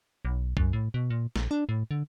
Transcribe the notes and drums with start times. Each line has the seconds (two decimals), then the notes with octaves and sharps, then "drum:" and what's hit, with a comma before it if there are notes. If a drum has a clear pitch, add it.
0.25 B1
0.57 F#2, drum: kick B1
0.73 A2
0.94 B2
1.10 A#2
1.36 A#1, drum: snare
1.51 D4
1.69 A2
1.91 D3